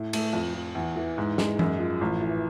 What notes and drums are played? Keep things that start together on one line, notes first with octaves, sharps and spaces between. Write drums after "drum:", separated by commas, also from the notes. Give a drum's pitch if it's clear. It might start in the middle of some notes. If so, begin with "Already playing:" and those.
Already playing: A2
A3, drum: cymbal
F2
F3
E2
E3
G#2
G#3, drum: snare
F#2, drum: tom E3
F3
A1
E3